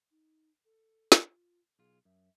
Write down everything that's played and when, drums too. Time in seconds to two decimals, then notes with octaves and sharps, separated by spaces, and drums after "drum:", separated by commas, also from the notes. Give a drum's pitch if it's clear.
0.11 D#4
0.65 A4
1.12 drum: snare
1.22 F4
1.79 B1 F4 G#4
2.05 F#2 E5